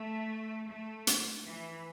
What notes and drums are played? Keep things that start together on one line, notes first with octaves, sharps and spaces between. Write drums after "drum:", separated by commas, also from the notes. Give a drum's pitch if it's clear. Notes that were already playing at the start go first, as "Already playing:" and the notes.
Already playing: A3
A3
drum: hi-hat
E3